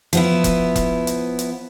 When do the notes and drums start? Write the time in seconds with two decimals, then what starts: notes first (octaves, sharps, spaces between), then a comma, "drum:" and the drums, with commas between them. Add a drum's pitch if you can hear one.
0.13 F3 B3 E4, drum: hi-hat
0.44 drum: kick E1, hi-hat
0.76 drum: kick E1, hi-hat
1.07 drum: hi-hat
1.39 drum: hi-hat